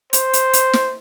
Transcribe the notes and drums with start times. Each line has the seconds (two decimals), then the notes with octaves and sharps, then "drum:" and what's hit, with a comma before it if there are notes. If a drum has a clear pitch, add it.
0.13 C5, drum: hi-hat
0.33 drum: hi-hat
0.53 drum: hi-hat
0.73 drum: snare